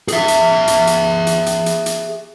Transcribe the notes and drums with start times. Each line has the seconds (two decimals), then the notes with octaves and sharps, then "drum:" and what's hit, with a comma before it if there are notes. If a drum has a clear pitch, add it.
0.08 G#4 E5, drum: hi-hat
0.28 drum: hi-hat
0.67 drum: hi-hat
0.87 drum: hi-hat
1.27 drum: hi-hat
1.46 drum: hi-hat
1.66 drum: hi-hat
1.86 drum: hi-hat